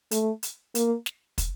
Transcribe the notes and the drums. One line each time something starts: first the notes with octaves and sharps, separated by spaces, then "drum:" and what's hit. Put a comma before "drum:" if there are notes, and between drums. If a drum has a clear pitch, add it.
A3, drum: hi-hat
drum: hi-hat
A#3, drum: hi-hat
drum: snare
drum: kick, hi-hat